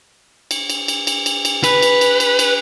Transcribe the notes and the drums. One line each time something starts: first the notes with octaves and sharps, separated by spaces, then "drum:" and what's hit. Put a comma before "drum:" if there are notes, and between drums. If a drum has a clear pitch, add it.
drum: cymbal
drum: cymbal
drum: cymbal
drum: cymbal
drum: cymbal
drum: cymbal
B4, drum: cymbal
drum: cymbal
drum: cymbal
drum: cymbal
drum: cymbal